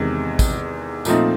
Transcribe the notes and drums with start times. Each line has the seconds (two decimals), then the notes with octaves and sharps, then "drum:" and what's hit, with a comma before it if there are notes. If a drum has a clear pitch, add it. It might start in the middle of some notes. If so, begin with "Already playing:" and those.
Already playing: E2 C3 D#3 G#3
0.39 drum: kick A1, tambourine
1.05 A#2 F3 A3 C4 D#4, drum: tambourine